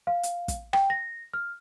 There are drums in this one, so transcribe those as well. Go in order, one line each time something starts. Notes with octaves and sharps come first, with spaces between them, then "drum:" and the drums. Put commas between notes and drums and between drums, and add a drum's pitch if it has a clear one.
F5
drum: hi-hat
drum: kick, hi-hat
G5, drum: rim click
A#6
F6